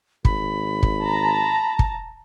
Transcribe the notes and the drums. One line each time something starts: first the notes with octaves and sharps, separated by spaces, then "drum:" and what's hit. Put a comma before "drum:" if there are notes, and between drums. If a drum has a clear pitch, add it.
G#1 B5, drum: kick
drum: kick
A5 A#5
drum: kick